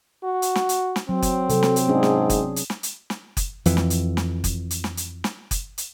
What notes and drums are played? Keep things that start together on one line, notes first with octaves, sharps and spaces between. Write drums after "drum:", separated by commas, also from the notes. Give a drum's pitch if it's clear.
F#4
drum: hi-hat
drum: snare
drum: hi-hat
drum: snare
F#3 C4
drum: kick F#1, hi-hat
C3 F#3 A4, drum: hi-hat
drum: snare
drum: hi-hat
G#2 C#4 D4 G#4
drum: snare
drum: kick F#1, hi-hat
drum: hi-hat
drum: snare
drum: hi-hat
drum: snare
drum: kick F#1, hi-hat
F2 E3, drum: hi-hat
drum: snare
drum: hi-hat
drum: snare
drum: kick F#1, hi-hat
drum: hi-hat
drum: snare
drum: hi-hat
drum: snare
drum: kick F#1, hi-hat
drum: hi-hat